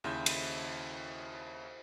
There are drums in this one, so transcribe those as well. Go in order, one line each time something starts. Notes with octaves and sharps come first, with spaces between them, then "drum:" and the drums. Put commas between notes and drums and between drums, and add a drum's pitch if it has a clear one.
D#2 C#3 E4 E5 C6 G6
drum: cymbal